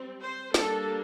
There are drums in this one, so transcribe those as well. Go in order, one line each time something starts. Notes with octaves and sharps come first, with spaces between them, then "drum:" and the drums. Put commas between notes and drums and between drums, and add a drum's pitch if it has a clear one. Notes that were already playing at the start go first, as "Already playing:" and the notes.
Already playing: G3 C4
C5
G3 A#3 D4 A4, drum: snare